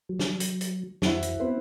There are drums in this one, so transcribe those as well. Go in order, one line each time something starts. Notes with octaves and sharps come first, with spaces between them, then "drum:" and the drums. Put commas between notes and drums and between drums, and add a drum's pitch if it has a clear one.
F#3
drum: snare
drum: hi-hat
drum: hi-hat
F2 E4 F#4 C5, drum: snare
drum: hi-hat
B3 C4 E4 C5 B5